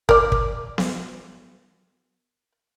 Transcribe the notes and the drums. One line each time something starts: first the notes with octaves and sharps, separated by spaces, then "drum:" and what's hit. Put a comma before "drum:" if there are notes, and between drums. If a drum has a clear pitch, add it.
A#4 D5, drum: kick
drum: kick
drum: snare B3